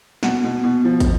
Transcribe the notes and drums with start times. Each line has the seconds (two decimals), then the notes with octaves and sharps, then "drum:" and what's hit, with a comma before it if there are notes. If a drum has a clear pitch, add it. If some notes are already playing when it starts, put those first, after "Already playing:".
0.23 B2 F#5, drum: snare
0.44 B2
0.64 B2
0.85 F3
1.00 drum: kick, hi-hat